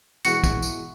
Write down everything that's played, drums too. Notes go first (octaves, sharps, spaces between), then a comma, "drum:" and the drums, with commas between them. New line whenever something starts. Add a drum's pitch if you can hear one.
B2 E3 G#3 F#4 C#7, drum: tambourine
drum: kick, tambourine
drum: tambourine